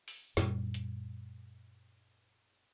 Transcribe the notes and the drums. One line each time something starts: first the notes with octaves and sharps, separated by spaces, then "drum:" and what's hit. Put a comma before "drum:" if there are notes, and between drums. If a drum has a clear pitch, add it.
drum: open hi-hat
F#2 A#2 G3, drum: snare
drum: hi-hat